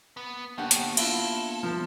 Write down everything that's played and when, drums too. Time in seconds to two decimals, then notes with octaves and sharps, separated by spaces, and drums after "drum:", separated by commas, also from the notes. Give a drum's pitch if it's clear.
0.17 B3
0.58 A#3 B3 D4 F#4 G4 A4 F#5
0.71 drum: hi-hat
0.97 E4 F4 A4, drum: cymbal
1.63 F3